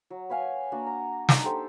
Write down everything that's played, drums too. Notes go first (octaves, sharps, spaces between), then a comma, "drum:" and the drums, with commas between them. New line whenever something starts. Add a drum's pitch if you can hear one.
F#3
B4 C#5 F5 G#5
A#3 D4 F#4 F#5
A#5
D4 D#4 A#4, drum: snare
G4 A4 C5 G5